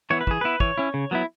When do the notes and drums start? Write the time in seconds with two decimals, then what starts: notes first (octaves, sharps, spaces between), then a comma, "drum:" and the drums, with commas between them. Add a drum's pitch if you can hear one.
0.10 E3 B3 E4 C#5
0.21 B4
0.27 E3 G#4, drum: kick
0.41 B3 E4 B4
0.60 E3 C#5, drum: kick
0.78 C#4 E4
0.94 C#3
1.11 F#3 B3 E4